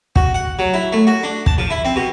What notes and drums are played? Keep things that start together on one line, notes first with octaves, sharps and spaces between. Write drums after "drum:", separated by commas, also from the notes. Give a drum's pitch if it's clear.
F#4, drum: kick
F#5
F#3
E4
A3
F#4
D4
A5, drum: kick
F3
E4
C4
B2